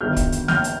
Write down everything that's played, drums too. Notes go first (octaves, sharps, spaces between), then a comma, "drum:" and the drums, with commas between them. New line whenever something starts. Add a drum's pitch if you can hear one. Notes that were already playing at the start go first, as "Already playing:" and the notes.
G1 G2 D#3 F#3 F6 G6
drum: kick, hi-hat
drum: hi-hat
F6 G6, drum: snare
drum: hi-hat